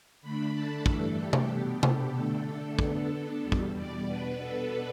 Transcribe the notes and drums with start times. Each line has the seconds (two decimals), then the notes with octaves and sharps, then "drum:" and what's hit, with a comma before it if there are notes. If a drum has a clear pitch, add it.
0.21 D3 A3 D4 B5
0.54 A5
0.86 G2 E3 A3 D4 A4, drum: kick
1.18 G4
1.33 drum: tom C3
1.51 B2 B3 D4
1.83 A4, drum: tom C3
2.15 D3 A3 D4 A4
2.47 A4
2.79 D3 B3 D4 A4, drum: kick
3.43 E2 B2 G3
3.52 drum: kick
3.76 D5
4.08 B2 B3 D4 B4
4.40 A4